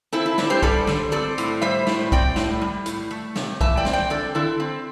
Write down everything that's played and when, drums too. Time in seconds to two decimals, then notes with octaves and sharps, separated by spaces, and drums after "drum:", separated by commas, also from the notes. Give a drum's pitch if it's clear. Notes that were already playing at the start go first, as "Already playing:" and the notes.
0.13 C4 E4 A4
0.26 E4
0.38 D3 D4, drum: snare
0.50 G4 C5
0.63 G3 A4 D5, drum: kick B1
0.87 D3, drum: snare
1.12 C4 A4 D5
1.38 A2, drum: hi-hat
1.62 G3 C5 E5
1.87 A2, drum: snare
2.12 C4 D5 G5, drum: kick B1
2.36 A2, drum: snare
2.61 G3
2.86 A2, drum: hi-hat
3.11 A3
3.36 C3, drum: snare
3.61 E3 E5 A5, drum: kick B1
3.77 D5 G5
3.85 C4, drum: snare
3.93 D5 G5
4.10 D3 A4 D5
4.35 D3 E4 A4
4.60 C4